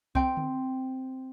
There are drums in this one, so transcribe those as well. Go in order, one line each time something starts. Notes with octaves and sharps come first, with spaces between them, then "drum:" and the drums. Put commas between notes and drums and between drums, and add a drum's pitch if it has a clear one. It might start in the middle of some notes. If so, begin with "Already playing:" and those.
C4 G5, drum: kick C2
drum: tom D3